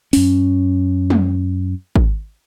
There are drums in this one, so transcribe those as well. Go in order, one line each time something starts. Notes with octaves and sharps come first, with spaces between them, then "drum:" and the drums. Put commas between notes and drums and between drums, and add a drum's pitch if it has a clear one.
F#2 C#4, drum: open hi-hat
drum: tom
drum: kick G#1